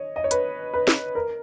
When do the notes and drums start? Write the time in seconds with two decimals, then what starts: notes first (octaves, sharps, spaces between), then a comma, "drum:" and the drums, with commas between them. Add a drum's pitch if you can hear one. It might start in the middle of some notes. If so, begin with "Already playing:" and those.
Already playing: C#5 D#5
0.16 D#5
0.24 C#5
0.31 B4, drum: hi-hat
0.74 B4
0.88 drum: snare
1.15 A#4